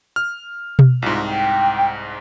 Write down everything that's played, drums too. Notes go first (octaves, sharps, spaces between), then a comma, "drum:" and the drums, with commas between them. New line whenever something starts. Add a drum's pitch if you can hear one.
F6
drum: tom B2
C2 G#2 F4
G5